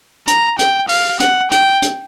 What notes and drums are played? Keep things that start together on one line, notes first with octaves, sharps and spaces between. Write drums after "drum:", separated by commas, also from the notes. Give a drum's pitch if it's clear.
A#5, drum: hi-hat
G5, drum: hi-hat
F5, drum: open hi-hat
F#5, drum: hi-hat
G5, drum: hi-hat
drum: hi-hat